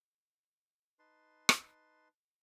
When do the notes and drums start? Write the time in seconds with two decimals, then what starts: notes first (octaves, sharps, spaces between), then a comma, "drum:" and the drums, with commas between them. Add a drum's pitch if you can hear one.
0.99 D#4 B4 A5 C6
1.49 drum: rim click